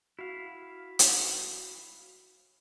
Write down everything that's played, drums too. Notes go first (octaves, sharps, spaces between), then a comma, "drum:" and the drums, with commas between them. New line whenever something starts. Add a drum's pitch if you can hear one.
E4 F#4 F5
drum: hi-hat